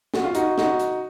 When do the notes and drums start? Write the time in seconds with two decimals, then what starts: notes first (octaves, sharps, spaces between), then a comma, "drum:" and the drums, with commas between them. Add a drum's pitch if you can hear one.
0.14 F#4, drum: snare
0.24 F4
0.35 D#4 F#4, drum: hi-hat
0.58 D#4 F#4, drum: snare
0.80 drum: hi-hat